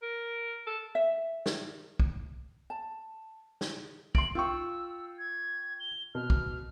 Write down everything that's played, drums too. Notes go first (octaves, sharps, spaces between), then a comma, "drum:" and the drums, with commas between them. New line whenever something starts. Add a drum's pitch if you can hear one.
A#4
A4
E5
drum: snare
drum: kick
A5
drum: snare
C6 D7 F#7, drum: kick
F4 G5 C#6 E6
G#6
G7
B2 F6
drum: kick